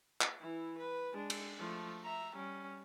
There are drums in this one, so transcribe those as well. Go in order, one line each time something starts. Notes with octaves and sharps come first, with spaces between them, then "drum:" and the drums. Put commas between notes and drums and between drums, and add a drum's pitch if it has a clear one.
drum: clap
E3 E4
B4
G#3 D4
drum: cymbal
F3 A3
E5 A#5
G3 C#4